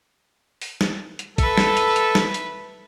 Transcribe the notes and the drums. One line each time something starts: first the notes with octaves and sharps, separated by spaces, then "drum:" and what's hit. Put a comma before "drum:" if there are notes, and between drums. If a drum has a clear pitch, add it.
drum: open hi-hat
drum: snare
drum: hi-hat
A4 B4 E5, drum: kick, hi-hat
drum: snare
drum: hi-hat
drum: hi-hat
drum: snare
drum: hi-hat